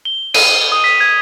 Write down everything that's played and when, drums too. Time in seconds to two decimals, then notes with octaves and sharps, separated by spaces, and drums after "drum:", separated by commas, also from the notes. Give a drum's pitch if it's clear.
0.05 G7
0.34 D#7, drum: cymbal
0.72 D#6
0.84 B6
1.00 G#6